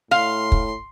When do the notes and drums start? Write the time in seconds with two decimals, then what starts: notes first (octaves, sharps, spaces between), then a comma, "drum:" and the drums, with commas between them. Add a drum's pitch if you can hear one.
0.11 A2 F5 C6
0.52 drum: kick